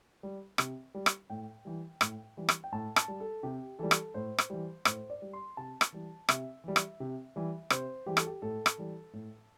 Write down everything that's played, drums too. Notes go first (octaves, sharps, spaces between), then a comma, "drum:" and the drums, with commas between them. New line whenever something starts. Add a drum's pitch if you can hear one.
G3
C3, drum: rim click
G3
drum: rim click
A2 G5
E3 G3
A2, drum: rim click
E3 G3
drum: rim click
G5
A2 A5
A5, drum: rim click
G3
A4
C3 G4
E3 G3 A4
drum: rim click
A2 C5
drum: rim click
E3 G3
A2 C5, drum: rim click
D5
G3
C6
C3 A5
drum: rim click
E3 G3
C3 E5, drum: rim click
E3 G3
drum: rim click
C3
E3 G3
C3 C5, drum: rim click
E3 G3 G4
A4, drum: rim click
G4
A2 A4
drum: rim click
E3 G3
A2